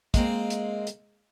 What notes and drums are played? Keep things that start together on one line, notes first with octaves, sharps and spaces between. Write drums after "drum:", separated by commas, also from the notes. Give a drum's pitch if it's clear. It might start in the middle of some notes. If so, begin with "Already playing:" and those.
G#3 A#3 C4, drum: kick, hi-hat
drum: hi-hat
drum: hi-hat